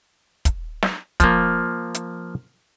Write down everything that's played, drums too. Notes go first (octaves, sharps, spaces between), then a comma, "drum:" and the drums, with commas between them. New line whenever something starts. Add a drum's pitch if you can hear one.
drum: kick, hi-hat
drum: snare
F3 A#3, drum: kick, hi-hat
drum: hi-hat